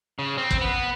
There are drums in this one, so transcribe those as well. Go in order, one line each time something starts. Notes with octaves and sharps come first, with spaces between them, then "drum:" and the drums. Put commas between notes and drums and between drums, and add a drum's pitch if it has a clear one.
C#3
C4
drum: kick
B3